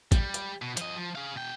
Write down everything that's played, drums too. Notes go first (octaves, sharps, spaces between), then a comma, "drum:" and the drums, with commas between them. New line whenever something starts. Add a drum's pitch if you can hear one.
G3, drum: kick, hi-hat
drum: hi-hat
B2
F3 D#5, drum: hi-hat
F3
G#4 F5
B2 G5